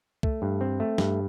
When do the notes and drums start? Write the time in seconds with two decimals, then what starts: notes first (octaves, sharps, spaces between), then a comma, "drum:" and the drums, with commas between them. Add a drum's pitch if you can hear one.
0.23 A3, drum: kick C2
0.42 G2
0.61 C4
0.80 A3
0.98 G2, drum: snare